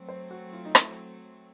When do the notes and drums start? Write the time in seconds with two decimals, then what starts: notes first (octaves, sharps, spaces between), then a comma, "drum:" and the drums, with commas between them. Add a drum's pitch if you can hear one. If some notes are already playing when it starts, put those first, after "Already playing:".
Already playing: F#3 A3 C4
0.09 C5
0.31 F#4
0.53 F4
0.65 D#4
0.75 E4, drum: rim click